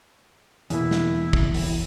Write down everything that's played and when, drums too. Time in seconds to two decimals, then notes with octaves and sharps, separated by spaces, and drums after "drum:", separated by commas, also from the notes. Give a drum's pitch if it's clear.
0.70 E2 B2 A#3 E4, drum: hi-hat
0.91 drum: snare
1.33 drum: kick
1.54 drum: open hi-hat